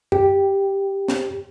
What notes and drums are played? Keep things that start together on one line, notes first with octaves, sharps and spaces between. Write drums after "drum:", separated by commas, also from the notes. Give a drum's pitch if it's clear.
G4, drum: tom F#2
drum: snare